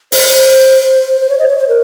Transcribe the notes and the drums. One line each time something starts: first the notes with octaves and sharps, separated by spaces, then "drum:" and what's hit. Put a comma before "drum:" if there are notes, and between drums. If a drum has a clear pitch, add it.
C5, drum: open hi-hat
C5
C#5
D#5
C#5
C5
A#4